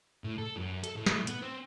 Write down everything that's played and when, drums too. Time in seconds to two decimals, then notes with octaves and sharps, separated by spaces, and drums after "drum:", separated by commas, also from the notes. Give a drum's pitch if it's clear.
0.24 A2
0.38 A4
0.56 F#2
0.84 A4, drum: hi-hat
0.97 A2
1.06 drum: snare
1.27 B3, drum: hi-hat
1.42 C4